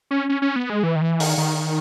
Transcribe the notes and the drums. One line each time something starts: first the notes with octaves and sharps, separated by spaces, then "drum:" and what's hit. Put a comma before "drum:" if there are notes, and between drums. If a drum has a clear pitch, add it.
C#4
C#4
C#4
B3
G#3
E3
D#3
E3
D#3, drum: open hi-hat
D#3